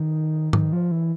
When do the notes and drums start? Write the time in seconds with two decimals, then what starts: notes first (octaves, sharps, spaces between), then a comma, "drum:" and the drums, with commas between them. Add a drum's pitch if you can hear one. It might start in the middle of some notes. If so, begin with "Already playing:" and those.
Already playing: D#3
0.53 D#3, drum: tom G#2
0.73 F3
0.91 E3